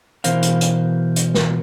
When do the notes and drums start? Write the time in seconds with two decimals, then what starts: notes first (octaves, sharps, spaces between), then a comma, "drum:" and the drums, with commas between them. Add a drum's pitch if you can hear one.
0.24 B2 E3 A#4 C5 F5, drum: hi-hat
0.43 drum: hi-hat
0.61 drum: hi-hat
1.16 drum: hi-hat
1.35 drum: snare